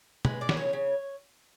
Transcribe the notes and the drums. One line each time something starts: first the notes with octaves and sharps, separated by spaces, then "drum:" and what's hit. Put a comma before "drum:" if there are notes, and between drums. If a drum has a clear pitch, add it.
G#3 B4, drum: tom
D5
C#3, drum: snare
C#5
C#3